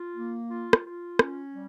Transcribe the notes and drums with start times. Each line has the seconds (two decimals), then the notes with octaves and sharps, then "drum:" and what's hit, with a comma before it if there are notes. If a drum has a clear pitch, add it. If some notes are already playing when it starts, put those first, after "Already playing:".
Already playing: F4
0.16 A#3
0.50 F4
0.73 drum: rim click
0.85 F4
1.19 C#4, drum: rim click
1.53 G3